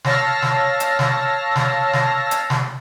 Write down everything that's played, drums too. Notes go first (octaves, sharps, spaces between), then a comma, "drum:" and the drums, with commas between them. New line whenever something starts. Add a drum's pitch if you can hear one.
C#5 F5 A5 E6 F6 A#6, drum: snare
drum: snare
drum: hi-hat
drum: snare
drum: snare
drum: snare
drum: hi-hat
drum: snare